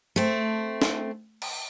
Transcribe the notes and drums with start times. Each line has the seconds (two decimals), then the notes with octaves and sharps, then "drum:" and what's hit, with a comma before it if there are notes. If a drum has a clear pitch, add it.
0.16 A3 C4
0.82 drum: snare
1.42 drum: cymbal